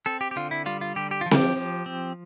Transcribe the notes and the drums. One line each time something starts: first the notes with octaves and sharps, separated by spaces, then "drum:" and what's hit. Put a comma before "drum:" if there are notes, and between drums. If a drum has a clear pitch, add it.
C4 A4
G4
G4
D3 F4
E4
G3 F4
F4
D3 G4
G4
F3 F4
G4, drum: snare C4
F3
C4